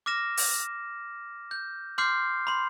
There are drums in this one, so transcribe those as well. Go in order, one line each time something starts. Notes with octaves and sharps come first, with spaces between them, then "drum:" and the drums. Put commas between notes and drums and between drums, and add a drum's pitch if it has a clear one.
D6 F6 A#6 E7
drum: open hi-hat
G6
C6 D6 F6 G6 C7
B5 C6